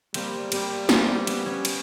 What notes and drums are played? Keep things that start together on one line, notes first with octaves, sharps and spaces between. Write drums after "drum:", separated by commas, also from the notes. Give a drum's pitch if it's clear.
G3 A#3 C4, drum: cymbal
G3 A#3 C4, drum: cymbal
G3 A#3 C4, drum: snare
B3 C#4, drum: cymbal
B3 C#4
drum: cymbal